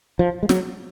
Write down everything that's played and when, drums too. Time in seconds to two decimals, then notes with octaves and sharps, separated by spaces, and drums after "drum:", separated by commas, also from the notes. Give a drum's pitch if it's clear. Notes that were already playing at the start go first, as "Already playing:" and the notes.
0.19 F3
0.43 G#3
0.49 F#3, drum: snare